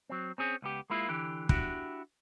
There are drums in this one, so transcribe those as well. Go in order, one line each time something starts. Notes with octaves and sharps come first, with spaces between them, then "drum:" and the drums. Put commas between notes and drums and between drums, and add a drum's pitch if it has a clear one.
F#3 C4
C4 C#4 G#4
C#2 B3 G4
G#3 A#3 E4 F4
D3 E3 G4
D4 E4 F#4 G4, drum: kick